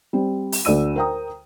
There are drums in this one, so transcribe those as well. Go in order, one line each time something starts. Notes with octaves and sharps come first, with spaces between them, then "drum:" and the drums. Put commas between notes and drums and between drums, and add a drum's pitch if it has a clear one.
G3 C4
drum: open hi-hat
D2 A4 D5 E6 D#7
A#4 C5 G5 A#5 D#6